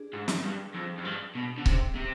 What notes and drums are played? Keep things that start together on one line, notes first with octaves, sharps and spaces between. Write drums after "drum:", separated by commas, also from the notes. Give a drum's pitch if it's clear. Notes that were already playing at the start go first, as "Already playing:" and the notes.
Already playing: D4 G#4
G#2
drum: snare
G2
F2
F2
G2
B2
D3
C3, drum: kick C#1
C3